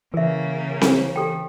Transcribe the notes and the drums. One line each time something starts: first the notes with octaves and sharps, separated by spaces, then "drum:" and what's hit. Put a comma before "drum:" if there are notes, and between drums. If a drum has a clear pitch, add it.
C#3 E3 A#3 A#4 E5
drum: snare C4
G4 A4 G5